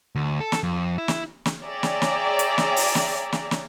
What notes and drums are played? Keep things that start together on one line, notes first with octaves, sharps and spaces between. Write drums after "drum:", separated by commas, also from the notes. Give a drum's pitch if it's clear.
D2
A4
drum: snare
F2
E4
drum: snare
drum: snare
G#4 C#5 D5 E5 G5 A#5
drum: snare
drum: snare
drum: hi-hat
drum: snare
drum: open hi-hat
drum: snare
drum: snare
drum: snare